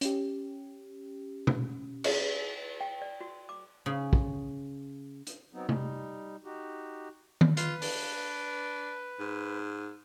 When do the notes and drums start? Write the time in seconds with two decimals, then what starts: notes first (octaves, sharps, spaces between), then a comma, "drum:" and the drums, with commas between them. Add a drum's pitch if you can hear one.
0.01 C#4 G4, drum: hi-hat
1.47 drum: tom B2
2.04 drum: cymbal
2.81 G5
3.02 D5
3.21 F#4
3.49 D6
3.86 C#3
4.13 drum: kick
5.27 drum: hi-hat
5.53 F#3 B3 C4 D#4
5.69 G3 D#4, drum: tom C3
6.44 D#4 F#4 G4
7.41 drum: tom D#3
7.57 F4 B4, drum: hi-hat
7.82 D4, drum: open hi-hat
9.20 G#2